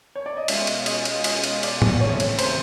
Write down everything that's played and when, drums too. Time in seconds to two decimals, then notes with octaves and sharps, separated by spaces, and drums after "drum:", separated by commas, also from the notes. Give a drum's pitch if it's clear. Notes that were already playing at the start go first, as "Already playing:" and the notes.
0.16 C#5
0.26 D5
0.37 D#5
0.48 B2 G#3 C#4 F4 E5, drum: cymbal
0.67 drum: cymbal
0.86 D#5, drum: cymbal
1.05 drum: cymbal
1.24 D#5, drum: cymbal
1.44 drum: cymbal
1.63 D5, drum: cymbal
1.82 drum: tom A2
2.00 D#2 C#3 E3 A3 C4 C#5
2.20 drum: cymbal
2.39 C5, drum: cymbal